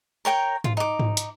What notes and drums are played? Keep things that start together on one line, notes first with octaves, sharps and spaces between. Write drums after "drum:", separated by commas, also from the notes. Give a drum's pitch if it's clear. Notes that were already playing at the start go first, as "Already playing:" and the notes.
A#4 C#5 G5 A#5
F4, drum: tom G#2
D#4 D6
drum: tom G#2
drum: hi-hat